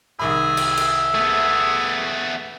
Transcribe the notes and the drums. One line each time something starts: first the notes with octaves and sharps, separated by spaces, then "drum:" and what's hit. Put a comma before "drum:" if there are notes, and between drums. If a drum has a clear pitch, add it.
C2 D#3 G#4 E5 B5
drum: cymbal
drum: cymbal
A3 B3 G#4